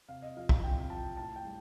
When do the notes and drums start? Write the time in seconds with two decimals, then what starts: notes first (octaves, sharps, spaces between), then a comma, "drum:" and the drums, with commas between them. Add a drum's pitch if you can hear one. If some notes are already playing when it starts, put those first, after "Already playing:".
0.09 C3 F5
0.22 D#5
0.37 F3 F5
0.49 F5, drum: kick
0.63 C3 G5
0.90 F3 A5
1.17 A2 A5
1.36 G5
1.45 G3